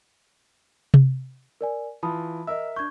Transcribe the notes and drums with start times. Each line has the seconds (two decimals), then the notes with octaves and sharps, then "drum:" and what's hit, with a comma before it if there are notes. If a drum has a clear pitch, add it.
0.94 drum: tom C3
1.61 A#4 D5 G#5
2.03 E3 F4 A5 B5 D#6
2.47 A#4 D#5 E5 E6
2.76 D4 C#6 G6 G#6